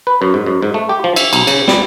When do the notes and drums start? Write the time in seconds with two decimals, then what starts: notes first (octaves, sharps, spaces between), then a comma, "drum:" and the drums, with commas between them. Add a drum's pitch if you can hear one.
0.07 B4
0.22 F#2
0.34 G#2
0.46 F#2
0.62 G#2
0.74 A3
0.89 G4
1.04 F3
1.16 E5, drum: cymbal
1.33 B1, drum: cymbal
1.47 C#3, drum: cymbal
1.68 G3, drum: snare